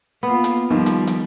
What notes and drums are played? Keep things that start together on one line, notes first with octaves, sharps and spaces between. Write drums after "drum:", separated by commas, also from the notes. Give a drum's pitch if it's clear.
A#3 B3 F4
drum: hi-hat
D#2 F3 G3
drum: hi-hat
drum: hi-hat